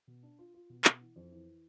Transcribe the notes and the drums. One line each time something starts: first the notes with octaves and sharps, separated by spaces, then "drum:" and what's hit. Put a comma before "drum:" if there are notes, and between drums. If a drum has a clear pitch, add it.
B2
D4
F4
F4
B2
B2, drum: clap
E3
F2
E3